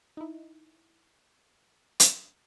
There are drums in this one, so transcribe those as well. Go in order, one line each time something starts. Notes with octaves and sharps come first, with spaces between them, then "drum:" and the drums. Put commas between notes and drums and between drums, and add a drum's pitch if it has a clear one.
D#4 E4
drum: hi-hat